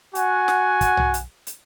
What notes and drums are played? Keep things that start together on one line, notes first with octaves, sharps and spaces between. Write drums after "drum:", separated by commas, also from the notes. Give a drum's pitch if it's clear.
F#4 F#5 G#5, drum: hi-hat
drum: snare
drum: kick, hi-hat
drum: tom B1
drum: hi-hat
drum: hi-hat